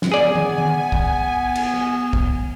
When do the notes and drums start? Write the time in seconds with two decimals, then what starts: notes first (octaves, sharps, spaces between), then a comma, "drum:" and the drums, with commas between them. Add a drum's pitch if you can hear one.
0.02 drum: snare
0.12 B3 G#4 D5 G#5
0.35 drum: tom
0.58 drum: tom D#3
0.92 drum: kick
1.55 drum: cymbal
2.13 drum: kick